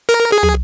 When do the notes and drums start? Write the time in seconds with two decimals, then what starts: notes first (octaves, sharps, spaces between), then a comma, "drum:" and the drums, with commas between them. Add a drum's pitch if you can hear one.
0.09 A#4, drum: hi-hat
0.32 G#4
0.43 drum: tom